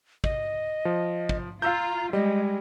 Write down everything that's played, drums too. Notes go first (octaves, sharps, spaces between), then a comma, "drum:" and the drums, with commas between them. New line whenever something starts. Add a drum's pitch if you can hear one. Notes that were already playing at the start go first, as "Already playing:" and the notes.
D#5, drum: kick
F3
drum: kick
F4 F5 A#5 E6 G6
G3 G#3 D#5